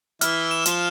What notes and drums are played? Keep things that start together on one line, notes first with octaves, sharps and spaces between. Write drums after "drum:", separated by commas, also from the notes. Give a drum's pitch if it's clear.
E3 E4 F6, drum: hi-hat
E7
F3 F4, drum: hi-hat